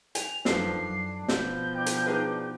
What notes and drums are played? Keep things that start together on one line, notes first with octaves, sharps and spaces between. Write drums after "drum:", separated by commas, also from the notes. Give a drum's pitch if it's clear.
G#5 F7, drum: hi-hat
F#2 D#3 F3 D4 A4 B4 C7, drum: snare
F#2
B2 F3 G6, drum: snare
D4 D5 G5
drum: hi-hat
D#4 G#4 B4